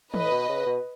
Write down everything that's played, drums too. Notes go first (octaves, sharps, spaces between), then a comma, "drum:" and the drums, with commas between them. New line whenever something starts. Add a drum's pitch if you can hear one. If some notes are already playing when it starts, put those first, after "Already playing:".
A2 B4 D#5, drum: tom
B2
C#3
B2